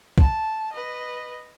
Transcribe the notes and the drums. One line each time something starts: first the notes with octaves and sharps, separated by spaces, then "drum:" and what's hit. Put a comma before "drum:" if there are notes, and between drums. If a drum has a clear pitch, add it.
A5, drum: kick
B4 D#5